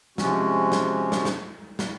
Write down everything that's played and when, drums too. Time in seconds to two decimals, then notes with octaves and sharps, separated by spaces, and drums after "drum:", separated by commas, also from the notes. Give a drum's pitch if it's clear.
0.18 C3 F3 G#3 C#4 F#4, drum: snare
0.72 drum: snare
1.12 drum: snare
1.25 drum: snare
1.79 drum: snare